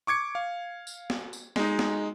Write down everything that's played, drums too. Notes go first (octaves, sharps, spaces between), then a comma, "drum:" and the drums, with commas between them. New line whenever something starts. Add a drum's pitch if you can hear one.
C#6 D6 G#6 C#7
F5
drum: tambourine
drum: snare
drum: tambourine
G#3 D#4, drum: snare
drum: snare